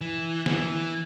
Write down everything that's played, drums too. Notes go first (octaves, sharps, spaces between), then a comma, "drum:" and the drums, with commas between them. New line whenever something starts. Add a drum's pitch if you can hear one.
E3
E3, drum: snare